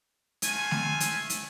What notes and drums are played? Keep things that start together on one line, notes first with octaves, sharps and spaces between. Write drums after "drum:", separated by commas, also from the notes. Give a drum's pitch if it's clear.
A3 F4 G#5, drum: hi-hat
drum: snare A3
drum: hi-hat
drum: hi-hat